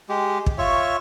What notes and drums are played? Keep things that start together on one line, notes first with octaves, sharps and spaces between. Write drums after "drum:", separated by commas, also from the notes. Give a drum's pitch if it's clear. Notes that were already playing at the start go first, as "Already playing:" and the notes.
G#3 G4
drum: kick
F4 C#5 E5 C#6